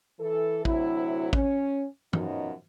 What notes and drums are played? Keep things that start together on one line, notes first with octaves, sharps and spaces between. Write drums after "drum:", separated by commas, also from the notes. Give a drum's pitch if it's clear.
E3 A4
D2 C3 F#3 E4, drum: kick
C#4, drum: kick
F#2 B2 F3 C#4 D#4 F#4, drum: tom